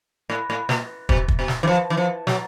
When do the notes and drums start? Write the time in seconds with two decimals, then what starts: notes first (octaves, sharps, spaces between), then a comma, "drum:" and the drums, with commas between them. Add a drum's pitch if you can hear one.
0.30 A2
0.50 A2
0.69 A#2, drum: snare
1.09 B2, drum: kick
1.28 drum: kick
1.39 B2
1.48 drum: snare
1.63 E3
1.67 F3
1.90 E3
1.97 F3
2.27 F#3, drum: snare